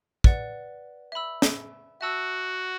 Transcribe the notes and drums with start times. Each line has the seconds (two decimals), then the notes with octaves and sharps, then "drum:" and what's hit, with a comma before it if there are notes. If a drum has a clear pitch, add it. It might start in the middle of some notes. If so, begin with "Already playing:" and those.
0.24 B4 D5 F#5, drum: kick
1.12 E5 B5 E6
1.42 drum: snare
2.01 F#4 E5 A5 E6